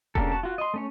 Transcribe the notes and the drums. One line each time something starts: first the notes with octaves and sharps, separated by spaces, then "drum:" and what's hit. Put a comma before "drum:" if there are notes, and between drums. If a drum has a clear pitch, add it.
C#3 A#3 D4 G4 A4, drum: kick E1
F#4 A5
F4 F#4
D#5 C6
A3 C#4 C#5